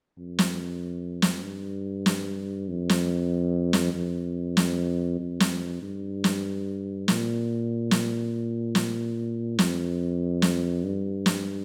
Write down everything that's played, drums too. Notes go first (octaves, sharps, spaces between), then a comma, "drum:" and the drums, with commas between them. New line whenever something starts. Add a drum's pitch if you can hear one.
F2
drum: snare
drum: snare
G2
drum: snare
F2
drum: snare
drum: snare
F2
drum: snare
F2
drum: snare
G2
drum: snare
A#2, drum: snare
drum: snare
drum: snare
F2, drum: snare
drum: snare
G2
drum: snare